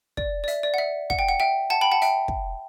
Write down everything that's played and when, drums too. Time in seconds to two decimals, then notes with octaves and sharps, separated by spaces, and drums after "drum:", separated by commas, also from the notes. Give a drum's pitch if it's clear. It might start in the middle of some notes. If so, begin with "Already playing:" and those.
0.17 D5, drum: kick
0.44 D5
0.48 E5, drum: hi-hat
0.63 D5
0.74 F#5
0.78 E5
1.10 F#5, drum: kick
1.19 G5
1.29 F#5
1.40 E5 G5
1.70 F#5 A5
1.81 G5 B5
1.92 F#5 A5
2.02 E5 G5, drum: hi-hat
2.28 drum: kick